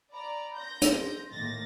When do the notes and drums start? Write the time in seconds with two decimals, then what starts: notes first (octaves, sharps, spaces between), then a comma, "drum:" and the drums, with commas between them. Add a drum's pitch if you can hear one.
0.13 D5 A#5 B5
0.54 C6 G6 A#6
0.82 drum: hi-hat
1.31 A2 D#3 A#3 A6 A#6